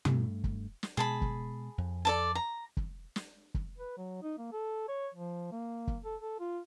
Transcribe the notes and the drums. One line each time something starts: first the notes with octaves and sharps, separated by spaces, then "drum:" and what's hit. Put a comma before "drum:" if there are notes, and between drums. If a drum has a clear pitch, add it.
G2 A3, drum: tom
drum: kick
drum: snare
B2 G#3 G#4 A5 B5
drum: kick
F2
A4 D5 A5
A#5
drum: kick
drum: snare
drum: kick
B4
F#3
D#4
A#3
A4
C#5
F3
A#3
drum: kick
A4
A4
F4